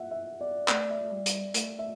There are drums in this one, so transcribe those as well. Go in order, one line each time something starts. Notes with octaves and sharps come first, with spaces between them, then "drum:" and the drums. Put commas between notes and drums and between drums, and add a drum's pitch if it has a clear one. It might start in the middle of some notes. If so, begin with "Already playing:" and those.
Already playing: E5 F#5
E5
D5
A3 D5, drum: clap
E5
A3
G3
drum: hi-hat
A3, drum: hi-hat
E5